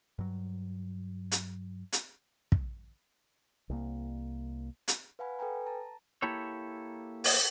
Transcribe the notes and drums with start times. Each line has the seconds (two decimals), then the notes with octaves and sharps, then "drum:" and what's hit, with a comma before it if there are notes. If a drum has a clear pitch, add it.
0.19 G2 F#3
1.32 drum: hi-hat
1.93 drum: hi-hat
2.52 drum: kick
3.70 C2 A#3
4.88 drum: hi-hat
5.19 B4 F5 F#5 G#5 B5
5.39 A4 B4 G5 G#5 A#5
5.66 A5 A#5
6.22 A#3 E4 G4 A4 C#5
7.24 drum: open hi-hat